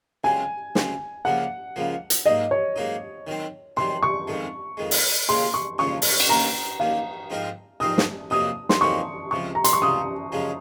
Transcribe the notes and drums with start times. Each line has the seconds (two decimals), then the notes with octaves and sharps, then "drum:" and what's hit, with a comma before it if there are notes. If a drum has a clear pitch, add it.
0.24 C#2 C#3 F#3 C4 G#5
0.75 C#2 C#3 F#3 C4, drum: snare
1.25 C#2 C#3 F3 A#3 F#5
1.76 C#2 C#3 F3 A#3
2.10 drum: hi-hat
2.26 G#2 F#3 A#3 D#4 D#5
2.51 C#5
2.76 G#2 F#3 A#3 D#4
3.27 D#3 F#3 C4
3.77 D#3 F#3 C4 C6
4.03 C#6
4.28 F2 D#3 G#3
4.77 F2 D#3 G#3
4.91 drum: open hi-hat
5.28 D#2 C#3 G#3 C#4 F4 C6
5.54 C#6
5.78 D#2 C#3 G#3 C#4 F4 C#6
6.02 drum: open hi-hat
6.20 drum: cymbal
6.29 D#2 D#3 A#3 C#4 A#5
6.79 D#2 D#3 A#3 C#4 F5
7.30 G#2 F3 C4 D#4 A#4
7.80 G#2 F3 C4 D#4 A#4 D#6
7.98 drum: snare
8.30 F2 C3 F#3 A#3 D#4 D#6
8.69 C6, drum: snare
8.81 F2 C3 F#3 A#3 D#4 C#6
9.31 C#2 C3 F3 C#6
9.55 A#5
9.64 C6, drum: hi-hat
9.73 C#6
9.81 C#2 C3 F3 D#6
10.32 F#2 C#3 F3 G#3 C#4